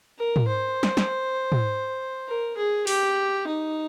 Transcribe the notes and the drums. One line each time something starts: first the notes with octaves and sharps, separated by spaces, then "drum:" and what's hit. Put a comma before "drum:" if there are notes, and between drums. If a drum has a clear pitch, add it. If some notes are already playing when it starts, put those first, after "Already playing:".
A#4
drum: tom
C5
drum: snare
drum: snare
drum: tom
A#4
G#4
G4, drum: open hi-hat
D#4